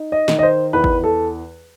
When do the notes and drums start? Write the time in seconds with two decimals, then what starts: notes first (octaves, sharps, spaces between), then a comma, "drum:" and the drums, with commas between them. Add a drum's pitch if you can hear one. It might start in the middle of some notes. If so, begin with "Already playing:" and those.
Already playing: D#4
0.12 D#5
0.28 D#3, drum: snare
0.39 D#5
0.43 C5
0.73 E2 B4
0.84 drum: kick
1.04 A4